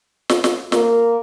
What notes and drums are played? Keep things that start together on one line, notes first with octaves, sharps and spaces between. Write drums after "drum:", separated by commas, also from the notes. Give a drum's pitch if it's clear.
drum: snare
drum: snare
A#3, drum: snare